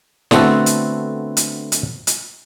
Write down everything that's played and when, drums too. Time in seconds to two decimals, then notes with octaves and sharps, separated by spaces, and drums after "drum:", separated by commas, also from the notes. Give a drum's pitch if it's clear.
0.31 D3 A3 B3 C4 F#4 A4, drum: snare
0.66 drum: hi-hat
1.37 drum: hi-hat
1.72 drum: hi-hat
2.07 drum: hi-hat